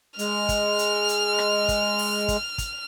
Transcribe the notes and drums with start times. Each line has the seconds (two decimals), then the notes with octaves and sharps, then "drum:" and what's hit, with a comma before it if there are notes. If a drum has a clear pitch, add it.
0.19 G#3 F6, drum: hi-hat
0.49 drum: kick, hi-hat
0.79 drum: hi-hat
1.09 drum: hi-hat
1.39 drum: rim click
1.68 drum: kick, hi-hat
1.98 drum: open hi-hat
2.28 drum: kick, hi-hat
2.58 drum: kick, hi-hat